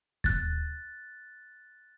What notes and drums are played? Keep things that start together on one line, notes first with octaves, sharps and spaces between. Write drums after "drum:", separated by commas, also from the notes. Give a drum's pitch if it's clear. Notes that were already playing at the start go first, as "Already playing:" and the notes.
F#6 A6, drum: kick D#2